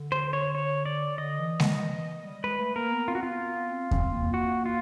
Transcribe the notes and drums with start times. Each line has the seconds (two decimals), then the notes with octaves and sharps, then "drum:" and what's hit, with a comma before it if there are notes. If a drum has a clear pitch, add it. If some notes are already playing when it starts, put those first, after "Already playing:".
Already playing: D3
0.12 C5
0.33 C#5
0.55 C#5
0.86 D5
1.17 D3 D#5
1.39 E3
1.60 D#3, drum: snare G#3
1.81 E3
2.23 G3
2.44 G#3 B4
2.59 A3
2.76 A#3 A#4
2.92 B3
3.07 C4 F4
3.15 F#4
3.23 F4
3.28 B3
3.49 B3
3.71 C4
3.91 C4, drum: kick E2
4.13 A#3
4.34 F#4
4.66 F4